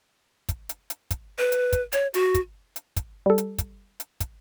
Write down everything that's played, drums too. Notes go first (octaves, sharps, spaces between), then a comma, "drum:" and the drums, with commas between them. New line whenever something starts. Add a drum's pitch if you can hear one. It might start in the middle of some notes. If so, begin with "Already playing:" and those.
drum: kick, hi-hat
drum: hi-hat
drum: hi-hat
drum: kick, hi-hat
B4
drum: hi-hat
drum: kick, hi-hat
C#5, drum: hi-hat
F#4, drum: hi-hat
drum: kick, hi-hat
drum: hi-hat
drum: kick, hi-hat
G3 A4
drum: hi-hat
drum: kick, hi-hat
drum: hi-hat
drum: kick, hi-hat